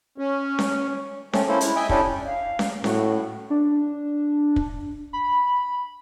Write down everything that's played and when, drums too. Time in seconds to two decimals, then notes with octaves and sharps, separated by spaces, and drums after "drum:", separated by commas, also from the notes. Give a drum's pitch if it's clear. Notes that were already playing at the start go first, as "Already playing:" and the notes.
0.18 C#4
0.59 drum: snare C#4
1.33 A3 C4 C#4, drum: snare C#4
1.48 A#3 C#4 E4 A4 C5
1.61 G#3 E4, drum: hi-hat
1.76 D#5 E5 G5 G#5
1.89 C#4 D4 E4 G4 A4, drum: kick
2.26 F5
2.59 drum: snare C#4
2.84 A2 F#4, drum: snare C#4
3.50 D4
4.56 drum: kick
5.13 B5